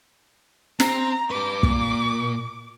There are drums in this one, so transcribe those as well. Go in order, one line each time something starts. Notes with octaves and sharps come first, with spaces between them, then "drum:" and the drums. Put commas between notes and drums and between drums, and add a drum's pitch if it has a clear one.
C4 A#5, drum: snare
G4 B4 D6
A#2, drum: kick